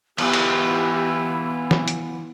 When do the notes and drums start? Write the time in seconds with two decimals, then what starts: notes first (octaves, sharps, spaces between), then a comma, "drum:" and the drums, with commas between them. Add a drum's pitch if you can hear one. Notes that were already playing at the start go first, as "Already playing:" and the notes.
0.18 E3 B3 E4 F4 G4, drum: cymbal
0.33 drum: cymbal
1.71 drum: snare
1.88 drum: hi-hat